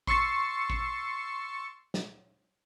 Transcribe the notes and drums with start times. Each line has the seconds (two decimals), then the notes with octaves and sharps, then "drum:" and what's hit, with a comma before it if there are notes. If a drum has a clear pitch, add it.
0.07 C6 C#6 E6 A6 C7, drum: kick A1
0.70 drum: kick A1
1.94 drum: snare